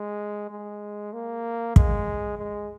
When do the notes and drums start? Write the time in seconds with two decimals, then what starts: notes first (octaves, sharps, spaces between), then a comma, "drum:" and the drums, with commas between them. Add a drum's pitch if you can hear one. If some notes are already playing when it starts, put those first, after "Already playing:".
Already playing: G#3
0.51 G#3
1.13 A#3
1.76 G#3, drum: kick
2.38 G#3